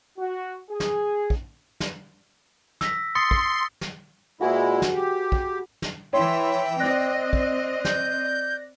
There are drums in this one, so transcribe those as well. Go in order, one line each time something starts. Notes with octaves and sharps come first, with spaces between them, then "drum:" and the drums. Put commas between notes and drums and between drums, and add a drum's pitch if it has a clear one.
F#4
G#4
drum: snare
drum: kick
drum: snare
E6 A#6 B6, drum: snare
C6 D#6 A6 C#7
drum: kick
drum: snare
A#2 G#3 E4 F#4 G#4 B4
drum: snare
G4
drum: kick
drum: snare
E3 E4 C#5 G5 C6
C4 D5 D#5 F#6 A#6
drum: kick
G6, drum: snare